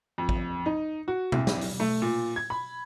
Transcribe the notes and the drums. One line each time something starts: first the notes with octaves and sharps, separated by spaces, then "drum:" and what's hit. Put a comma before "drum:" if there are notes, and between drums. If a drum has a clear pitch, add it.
F2
drum: kick A1
D#4
F#4
C2, drum: tom B2
drum: snare
drum: open hi-hat
A3
A#2
G#6
B5